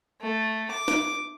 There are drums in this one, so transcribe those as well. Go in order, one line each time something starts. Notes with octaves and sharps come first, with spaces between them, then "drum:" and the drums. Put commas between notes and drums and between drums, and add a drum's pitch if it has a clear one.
A3
D6
drum: snare